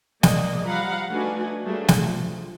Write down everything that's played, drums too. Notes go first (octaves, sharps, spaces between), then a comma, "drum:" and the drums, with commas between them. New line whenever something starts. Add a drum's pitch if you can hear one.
G#3 A#3 D5 D#5, drum: snare
F3 G3 F5 F#5 A#5 B5
A3 D4 D#4 F#4 B4 G#5
F#3 G3 A3 A#3 D4 G#4
drum: snare
F3